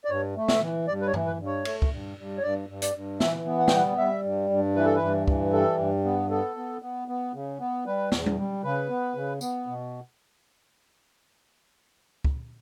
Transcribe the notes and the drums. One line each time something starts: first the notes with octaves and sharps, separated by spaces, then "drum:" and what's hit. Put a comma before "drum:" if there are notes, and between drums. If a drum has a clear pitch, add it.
D5
G2 C#5
A3
E5, drum: snare
E3
G2 D5
B4
C#5
E3, drum: tom G2
B4
G2
C#5
A3, drum: cymbal
drum: kick
G2
G2
C#5
G2 D5
G2
D5, drum: hi-hat
G2
E3 E5, drum: snare
B3
F#5
G5, drum: snare
G3 F#5
G3 E5
G2
G2
E3 B4
A4
B4
G2
E3, drum: kick
G3 A4
G2
B3
B3 A4
B3
B3
B3
C#3
B3
G3 B4
E2, drum: snare
drum: tom G3
G3
C#3 B4
B3
C#3
B3, drum: tambourine
B2
drum: kick